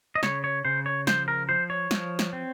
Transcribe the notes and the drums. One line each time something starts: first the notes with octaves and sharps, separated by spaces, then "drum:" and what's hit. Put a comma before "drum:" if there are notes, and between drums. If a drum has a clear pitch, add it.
D#5
C#3 C#5, drum: snare
C#5
C#3 C5
C#5
F3 C5, drum: snare
A#4
F3 C5
C#5
F3, drum: snare
drum: snare
C4